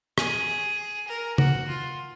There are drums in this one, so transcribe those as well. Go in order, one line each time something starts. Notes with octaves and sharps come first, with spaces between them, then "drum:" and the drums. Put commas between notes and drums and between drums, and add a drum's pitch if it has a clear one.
G#4, drum: rim click
A#4
F#4, drum: tom
F4